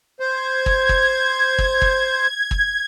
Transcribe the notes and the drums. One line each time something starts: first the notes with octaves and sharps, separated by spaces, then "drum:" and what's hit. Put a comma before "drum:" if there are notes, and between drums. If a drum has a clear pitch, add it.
C5 G#6
drum: kick
drum: kick
drum: kick
drum: kick
drum: kick